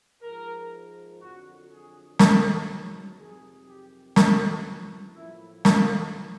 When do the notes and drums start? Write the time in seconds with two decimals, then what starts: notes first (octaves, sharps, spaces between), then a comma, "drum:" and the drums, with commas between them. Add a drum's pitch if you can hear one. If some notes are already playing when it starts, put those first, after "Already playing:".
0.22 G#2 F3 G#3 A#4
1.20 F2 D3 F#3 F#4
1.70 G#4
2.19 G#2 D#3 F#3 G#4, drum: snare
3.18 F2 C3 D#3 F#3 G#4
3.67 G4
4.16 F2 C#3 E3 F#4, drum: snare
5.16 A2 F3 A#3 E4
5.65 F4, drum: snare